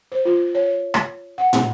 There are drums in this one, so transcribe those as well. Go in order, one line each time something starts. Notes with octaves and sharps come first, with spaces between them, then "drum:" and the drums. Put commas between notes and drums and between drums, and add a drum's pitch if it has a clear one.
C5
F4
C#5
drum: rim click
F#5
drum: tom